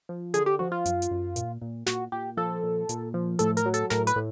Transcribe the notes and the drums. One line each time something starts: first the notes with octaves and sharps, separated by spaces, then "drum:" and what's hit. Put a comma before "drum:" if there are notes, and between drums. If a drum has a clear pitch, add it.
F3
D3 G#4, drum: hi-hat
G4
F3 F#4
F4
F#2, drum: hi-hat
drum: hi-hat
F#2
A#2, drum: hi-hat
A#2
A#2 F#4, drum: snare
A#2 G4
F3 A4
A#2
A#2, drum: hi-hat
F3
A2 A4, drum: hi-hat
A#4, drum: hi-hat
F#3
A4, drum: hi-hat
A2 A#4, drum: snare
B4, drum: hi-hat
A2